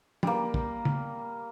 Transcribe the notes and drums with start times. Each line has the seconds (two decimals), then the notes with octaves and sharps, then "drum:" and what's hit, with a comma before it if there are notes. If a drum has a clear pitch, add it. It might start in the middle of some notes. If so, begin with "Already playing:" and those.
0.23 G3 A#3, drum: tom
0.54 drum: kick
0.85 drum: tom